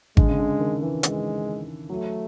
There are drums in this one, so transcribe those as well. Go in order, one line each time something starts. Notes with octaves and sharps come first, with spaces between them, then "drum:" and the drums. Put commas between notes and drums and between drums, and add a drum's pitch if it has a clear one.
D3 G#3, drum: kick G#1
C#3
D3
D#3
E3
G#3, drum: hi-hat
F#3 A3